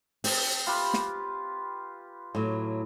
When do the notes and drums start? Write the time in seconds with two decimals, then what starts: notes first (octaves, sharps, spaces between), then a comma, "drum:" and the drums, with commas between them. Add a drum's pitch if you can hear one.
0.24 C4, drum: open hi-hat
0.67 F4 G4 B4
0.94 drum: snare
2.35 A2 F#3